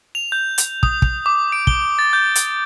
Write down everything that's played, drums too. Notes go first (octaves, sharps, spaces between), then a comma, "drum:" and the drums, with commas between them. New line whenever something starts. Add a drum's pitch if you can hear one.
F7
G6
drum: hi-hat
D#6, drum: kick
drum: kick
D6
D7
G7, drum: kick
A6
G6
drum: hi-hat